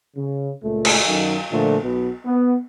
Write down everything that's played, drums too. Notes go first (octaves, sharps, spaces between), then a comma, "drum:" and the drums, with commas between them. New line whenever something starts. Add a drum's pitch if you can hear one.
C#3
C#2 A#2 A3
drum: cymbal
F#2 D#3
A#2 D3 F3 A3
B1 B2 B3
B3